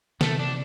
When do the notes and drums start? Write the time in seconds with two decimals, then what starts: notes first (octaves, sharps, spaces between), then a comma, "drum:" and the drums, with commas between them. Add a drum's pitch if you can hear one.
0.21 C3 E3 A3, drum: snare
0.39 D4